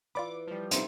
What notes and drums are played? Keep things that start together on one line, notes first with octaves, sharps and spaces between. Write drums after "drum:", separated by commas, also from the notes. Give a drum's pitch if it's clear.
E3 F4 D5 B5 D6
F3 G3
C3 D#4 C5 E5, drum: hi-hat